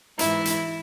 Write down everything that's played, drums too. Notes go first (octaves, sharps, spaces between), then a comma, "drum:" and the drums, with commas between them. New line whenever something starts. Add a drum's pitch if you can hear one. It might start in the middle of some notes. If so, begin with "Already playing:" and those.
G#2 E3 E4, drum: hi-hat
drum: hi-hat